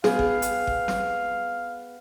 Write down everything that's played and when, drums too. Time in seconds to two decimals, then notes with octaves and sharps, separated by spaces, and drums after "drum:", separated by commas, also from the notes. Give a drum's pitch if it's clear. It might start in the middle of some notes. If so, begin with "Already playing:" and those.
0.04 B3 G#4 F5 G5, drum: snare
0.19 drum: kick G1
0.42 drum: hi-hat
0.67 drum: kick G1
0.88 drum: snare